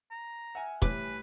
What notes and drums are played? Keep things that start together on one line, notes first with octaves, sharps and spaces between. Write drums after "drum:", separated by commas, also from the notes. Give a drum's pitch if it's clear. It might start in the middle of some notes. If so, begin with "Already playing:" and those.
A#5
E5 F#5 G#5 F6
A2 C3 E3 G3 B4 D6, drum: kick